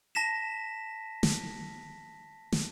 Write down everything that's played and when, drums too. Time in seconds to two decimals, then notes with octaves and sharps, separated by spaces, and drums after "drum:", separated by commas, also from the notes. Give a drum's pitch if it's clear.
0.15 A5 A#6 B6 E7
1.23 drum: snare
2.52 drum: snare